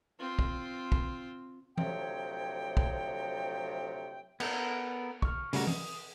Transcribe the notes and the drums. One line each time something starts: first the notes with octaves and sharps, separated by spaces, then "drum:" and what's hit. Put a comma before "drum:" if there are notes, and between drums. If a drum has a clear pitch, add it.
C4 F4
drum: kick
drum: kick
D2 C3 F3 F#3 C#5 G5, drum: tom E3
drum: kick
B3 A4 A#4, drum: cymbal
C#6 F6, drum: kick
C#3 G3 A3 F#4 A#4, drum: open hi-hat
D#6, drum: tom E3